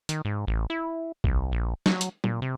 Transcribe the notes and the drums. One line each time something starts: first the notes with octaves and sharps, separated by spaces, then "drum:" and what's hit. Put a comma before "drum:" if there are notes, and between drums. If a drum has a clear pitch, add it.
D#3, drum: hi-hat
G#2
A1
E4
C2, drum: kick
A#1
F#3, drum: snare
drum: hi-hat
A#2, drum: tom
C3